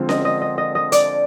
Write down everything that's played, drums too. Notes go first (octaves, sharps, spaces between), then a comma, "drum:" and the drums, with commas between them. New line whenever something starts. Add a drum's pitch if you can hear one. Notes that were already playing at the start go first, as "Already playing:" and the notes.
Already playing: D3 F3 G#3 C4 F4
D#5, drum: snare C#4
D#5
D#5
D#5
D#5
D5, drum: hi-hat